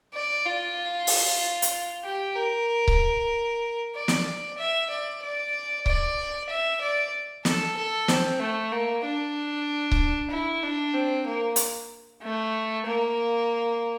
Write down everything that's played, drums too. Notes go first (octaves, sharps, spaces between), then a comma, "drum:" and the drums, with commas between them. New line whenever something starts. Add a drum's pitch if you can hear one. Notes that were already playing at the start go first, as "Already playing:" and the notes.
D5
F4
drum: open hi-hat
drum: hi-hat
G4
A#4
drum: kick C#1
D5
drum: snare
E5
D5
D5
D5, drum: kick C#1
E5
D5
A4, drum: snare
A4
C4, drum: snare
A3
A#3
D4
drum: kick C#1
E4
D4
C4
A#3
drum: hi-hat
A3
A#3